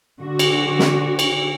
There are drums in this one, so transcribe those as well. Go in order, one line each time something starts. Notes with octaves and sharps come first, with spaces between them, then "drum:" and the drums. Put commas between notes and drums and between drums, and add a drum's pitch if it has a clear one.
D3 F#4
drum: cymbal
drum: snare
drum: cymbal